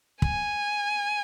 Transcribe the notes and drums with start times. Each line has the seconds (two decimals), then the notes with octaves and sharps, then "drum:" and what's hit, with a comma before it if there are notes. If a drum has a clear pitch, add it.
0.22 G#5, drum: kick